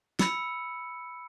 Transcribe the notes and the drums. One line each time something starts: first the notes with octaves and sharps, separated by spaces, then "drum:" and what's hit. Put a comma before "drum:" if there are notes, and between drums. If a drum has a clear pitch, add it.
B5 E6 C#7, drum: snare